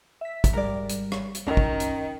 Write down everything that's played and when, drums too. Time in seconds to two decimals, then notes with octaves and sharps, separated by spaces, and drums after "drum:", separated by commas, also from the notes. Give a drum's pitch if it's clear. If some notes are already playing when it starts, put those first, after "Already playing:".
0.21 E5 B6
0.44 drum: kick, hi-hat
0.53 G#1 G#2 G3 A#4 D5
0.89 drum: hi-hat
1.12 drum: rim click
1.35 drum: hi-hat
1.46 C#2 F#2 D#3 C#4 A#4 A#5
1.57 drum: kick
1.80 drum: hi-hat